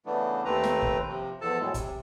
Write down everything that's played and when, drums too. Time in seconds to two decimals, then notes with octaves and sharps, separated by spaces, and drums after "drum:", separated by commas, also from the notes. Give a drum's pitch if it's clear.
0.06 C#3 E3 A3 B3 D4
0.45 D#2 A3 C4 B4 A#5
0.64 drum: snare
0.82 drum: kick
1.08 C3 F3
1.41 E2 F3 A4 A5
1.60 A2 F#3 G#3
1.74 C3, drum: kick, hi-hat